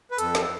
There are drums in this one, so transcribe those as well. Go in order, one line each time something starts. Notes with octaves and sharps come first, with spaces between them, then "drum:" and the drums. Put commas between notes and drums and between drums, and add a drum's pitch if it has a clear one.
B4
F2 A4, drum: hi-hat
drum: snare